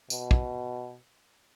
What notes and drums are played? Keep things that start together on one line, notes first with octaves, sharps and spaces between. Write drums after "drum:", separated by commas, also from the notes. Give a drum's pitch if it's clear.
B2, drum: tambourine
drum: kick